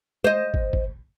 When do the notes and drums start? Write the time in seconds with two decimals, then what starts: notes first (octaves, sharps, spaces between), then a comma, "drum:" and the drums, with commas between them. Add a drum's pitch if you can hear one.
0.24 C5 D#5, drum: tom G#3
0.54 drum: kick
0.73 drum: kick